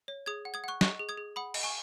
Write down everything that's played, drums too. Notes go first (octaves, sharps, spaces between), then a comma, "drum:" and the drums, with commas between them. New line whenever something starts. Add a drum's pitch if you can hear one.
C#5
G#4 D#6 G#6
F#5
D#6 G#6
F#5 C#6 F#6
D#5 C#6 F#6, drum: snare
G#4
D#6 G#6
G#4
F#5 B5 D#6
D#5, drum: cymbal
G#5 C#6